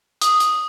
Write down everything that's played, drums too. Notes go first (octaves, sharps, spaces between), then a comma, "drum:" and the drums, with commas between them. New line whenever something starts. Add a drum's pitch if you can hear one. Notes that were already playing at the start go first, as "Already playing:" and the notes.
D#6, drum: hi-hat
drum: hi-hat